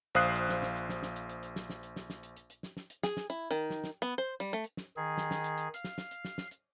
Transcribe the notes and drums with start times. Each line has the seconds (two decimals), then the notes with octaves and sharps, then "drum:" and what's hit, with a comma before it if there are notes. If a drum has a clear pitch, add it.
0.15 A#1 C5 F5 D#6 F#6 C7
0.36 drum: hi-hat
0.49 drum: snare
0.63 drum: snare
0.76 drum: hi-hat
0.89 drum: snare
1.03 drum: snare
1.16 drum: hi-hat
1.29 drum: hi-hat
1.43 drum: hi-hat
1.56 drum: snare
1.70 drum: snare
1.83 drum: hi-hat
1.96 drum: snare
2.10 drum: snare
2.23 drum: hi-hat
2.37 drum: hi-hat
2.50 drum: hi-hat
2.63 drum: snare
2.77 drum: snare
2.90 drum: hi-hat
3.03 G#4, drum: snare
3.17 drum: snare
3.30 E4, drum: hi-hat
3.51 D#3
3.70 drum: snare
3.84 drum: snare
4.02 B3
4.18 C5
4.40 G3, drum: hi-hat
4.53 A3, drum: hi-hat
4.64 drum: hi-hat
4.77 drum: snare
4.97 D#3 G#4
5.18 drum: snare
5.31 drum: snare
5.44 drum: hi-hat
5.58 drum: hi-hat
5.74 F5, drum: hi-hat
5.84 drum: snare
5.98 drum: snare
6.11 drum: hi-hat
6.25 drum: snare
6.38 drum: snare
6.51 drum: hi-hat